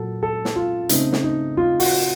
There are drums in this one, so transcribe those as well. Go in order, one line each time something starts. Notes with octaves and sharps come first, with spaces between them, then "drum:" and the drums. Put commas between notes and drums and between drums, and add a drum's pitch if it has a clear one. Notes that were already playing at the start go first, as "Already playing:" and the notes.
Already playing: A#2 F#3 A#3 F#4 A4
A4
drum: snare
F4
C#3 A3 C4 D#4, drum: hi-hat
drum: snare
D#4
F4
F#4, drum: open hi-hat